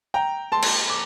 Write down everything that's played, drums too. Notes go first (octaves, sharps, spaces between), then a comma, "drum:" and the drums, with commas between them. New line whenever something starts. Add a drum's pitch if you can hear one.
G5 A#5
A5 C6
drum: cymbal
D6